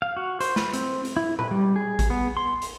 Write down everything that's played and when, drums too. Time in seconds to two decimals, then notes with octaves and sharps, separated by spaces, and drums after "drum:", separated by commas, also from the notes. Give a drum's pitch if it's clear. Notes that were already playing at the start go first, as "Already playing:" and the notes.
0.02 F5
0.17 F#4
0.40 C5, drum: hi-hat
0.56 B4, drum: snare
0.73 C4, drum: hi-hat
1.05 drum: hi-hat
1.17 E4
1.39 B4, drum: tom A#2
1.51 G3
1.76 G#4
1.99 drum: kick A1, hi-hat
2.10 B3
2.37 C6
2.62 drum: hi-hat